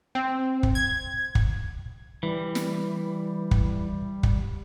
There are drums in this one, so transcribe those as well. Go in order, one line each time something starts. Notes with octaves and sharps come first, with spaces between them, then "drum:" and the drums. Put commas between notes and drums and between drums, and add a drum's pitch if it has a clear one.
C4
drum: kick
G#6
drum: kick
E3 G3
drum: snare
drum: kick
drum: kick